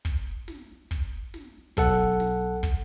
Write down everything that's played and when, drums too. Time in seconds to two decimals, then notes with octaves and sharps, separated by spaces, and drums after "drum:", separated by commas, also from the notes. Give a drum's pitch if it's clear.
0.05 drum: kick
0.48 drum: snare
0.91 drum: kick
1.34 drum: snare
1.77 B1 A4 F#5, drum: kick
2.20 drum: snare
2.63 drum: kick